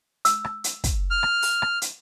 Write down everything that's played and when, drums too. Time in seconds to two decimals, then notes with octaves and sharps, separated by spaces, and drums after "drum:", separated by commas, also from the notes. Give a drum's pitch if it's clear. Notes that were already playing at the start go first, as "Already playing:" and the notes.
0.25 E6, drum: hi-hat
0.44 drum: rim click
0.64 drum: hi-hat
0.84 drum: kick, hi-hat
1.11 F6
1.23 drum: rim click
1.42 drum: open hi-hat
1.62 drum: rim click
1.82 drum: hi-hat